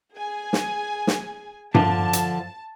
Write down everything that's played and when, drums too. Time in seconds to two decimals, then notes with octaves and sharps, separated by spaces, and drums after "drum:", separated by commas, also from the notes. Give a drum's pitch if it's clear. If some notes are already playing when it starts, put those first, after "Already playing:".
0.14 G#4 G#5
0.53 drum: snare
1.07 drum: snare
1.75 D3 F3 D4 A5, drum: tom G2
2.13 drum: hi-hat